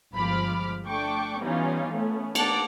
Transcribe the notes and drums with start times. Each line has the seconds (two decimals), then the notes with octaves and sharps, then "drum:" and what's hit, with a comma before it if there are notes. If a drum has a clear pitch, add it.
0.14 G1 F3 G#3 B5 D6 F6
0.87 A3 D4 G5 C#6 D6
1.40 E3 G3 B3 C#4 D#4 F4
1.92 A3 B3 C#4
2.35 A#3 B3 D4 F#5 A5 D6, drum: cymbal